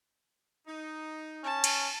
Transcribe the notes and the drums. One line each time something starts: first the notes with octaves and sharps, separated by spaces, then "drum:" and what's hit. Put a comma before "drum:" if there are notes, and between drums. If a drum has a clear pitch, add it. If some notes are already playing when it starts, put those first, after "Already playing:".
D#4
C#4 A5
drum: cymbal